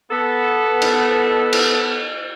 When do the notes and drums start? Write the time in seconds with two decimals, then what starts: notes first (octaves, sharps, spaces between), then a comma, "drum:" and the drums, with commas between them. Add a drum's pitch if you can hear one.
0.11 B3 A4
0.82 drum: cymbal
1.53 drum: cymbal